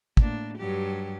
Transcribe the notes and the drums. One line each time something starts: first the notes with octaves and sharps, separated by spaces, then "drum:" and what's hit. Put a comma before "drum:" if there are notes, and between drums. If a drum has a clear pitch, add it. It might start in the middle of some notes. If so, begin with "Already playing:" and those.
A2 A#3 D4, drum: kick
G2 F#3 G4